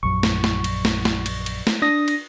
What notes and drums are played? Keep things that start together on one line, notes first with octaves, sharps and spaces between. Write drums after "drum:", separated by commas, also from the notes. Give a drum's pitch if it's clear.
A#1 F#2 C#6
drum: snare
drum: snare
drum: cymbal
drum: snare
drum: snare
drum: cymbal
drum: cymbal
drum: snare
D4 D#6 A#6
drum: cymbal